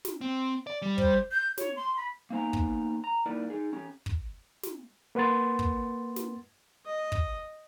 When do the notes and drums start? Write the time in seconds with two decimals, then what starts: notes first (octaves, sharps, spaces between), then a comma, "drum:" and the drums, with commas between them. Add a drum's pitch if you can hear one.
0.05 drum: snare
0.21 C4
0.67 D5
0.82 G3
0.98 C5, drum: kick
1.31 G6
1.58 C#5, drum: snare
1.76 C6
1.97 B5
2.30 A#3 B3 D#4 C5 G#5 A#5
2.53 drum: kick
3.04 A#5
3.26 A#3 D#4 E4 A#4 B4 D5
3.50 D#4 G#4
3.73 C#4 G4 C#5
4.06 drum: kick
4.63 drum: snare
5.15 A#3 B4 F#5 C6 A6
5.59 drum: kick
6.16 drum: snare
6.86 D#5
7.12 drum: kick